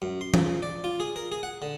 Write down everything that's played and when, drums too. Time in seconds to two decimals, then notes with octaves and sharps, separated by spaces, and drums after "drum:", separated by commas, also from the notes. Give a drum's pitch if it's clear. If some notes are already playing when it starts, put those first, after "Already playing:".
0.02 F#2
0.21 C6
0.34 F3, drum: tom E3
0.63 D5
0.84 F4
1.00 G#4
1.16 A#4
1.32 G#4
1.43 F#5
1.62 D3